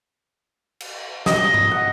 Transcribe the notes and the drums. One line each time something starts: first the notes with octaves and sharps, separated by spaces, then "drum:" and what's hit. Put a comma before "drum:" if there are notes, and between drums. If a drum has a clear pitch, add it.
drum: cymbal
D#5, drum: snare
drum: tom G#2
F#5